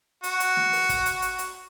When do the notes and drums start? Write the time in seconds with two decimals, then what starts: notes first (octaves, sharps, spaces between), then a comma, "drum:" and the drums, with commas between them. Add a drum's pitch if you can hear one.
0.24 F#4, drum: hi-hat
0.40 drum: hi-hat
0.56 drum: snare
0.73 drum: open hi-hat
0.89 drum: kick, hi-hat
1.06 drum: hi-hat
1.22 drum: hi-hat
1.39 drum: hi-hat